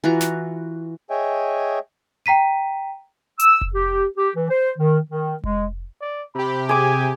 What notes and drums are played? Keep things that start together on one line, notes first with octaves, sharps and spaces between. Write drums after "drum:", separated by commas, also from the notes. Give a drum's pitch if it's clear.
E3 F4 F#4 A#5
drum: snare
G#4 C#5 D#5 E5 G5 G#5
G5 A#5 B6 D#7
E6, drum: hi-hat
drum: kick F1
G4
G4
E3
C5
D#3
D#3
G#3, drum: kick F1
D5
C3 G4 B5
G#4 G#5 D6